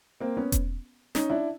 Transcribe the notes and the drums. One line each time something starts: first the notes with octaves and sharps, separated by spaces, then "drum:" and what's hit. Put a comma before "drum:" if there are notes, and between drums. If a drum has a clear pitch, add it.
A#3 C4
B3 C#4
drum: kick E1, hi-hat
C#4 D#4, drum: snare
D4 E4